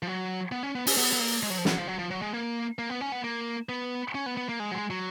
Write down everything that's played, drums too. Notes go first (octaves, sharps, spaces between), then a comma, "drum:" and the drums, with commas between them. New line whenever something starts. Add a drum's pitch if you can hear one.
F3
F#3
B3
C#4
B3
C#4, drum: open hi-hat
B3
B3
A#3
G#3
F#3
F3
F#3, drum: snare
F3
F#3
F3
F#3
G#3
A#3
A#3
B3
C#4
B3
A#3
B3
C#4
B3
B3
A#3
G#3
F#3
G#3
F#3